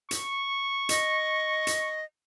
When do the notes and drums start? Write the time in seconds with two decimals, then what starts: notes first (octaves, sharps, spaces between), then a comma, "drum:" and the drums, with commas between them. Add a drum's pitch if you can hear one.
0.11 C#6, drum: hi-hat
0.89 D#5, drum: hi-hat
1.67 drum: hi-hat